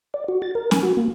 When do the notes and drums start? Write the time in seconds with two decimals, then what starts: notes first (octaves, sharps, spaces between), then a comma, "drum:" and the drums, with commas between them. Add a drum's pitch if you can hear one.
0.14 D5
0.28 F#4
0.42 A6
0.55 A#4
0.71 G#5, drum: snare
0.83 F#4
0.97 A#3